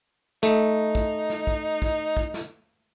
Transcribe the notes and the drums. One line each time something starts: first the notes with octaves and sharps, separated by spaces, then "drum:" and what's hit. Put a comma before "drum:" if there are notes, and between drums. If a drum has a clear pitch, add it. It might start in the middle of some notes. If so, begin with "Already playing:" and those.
A3 D#4
drum: kick
drum: snare
drum: kick
drum: kick
drum: kick
drum: snare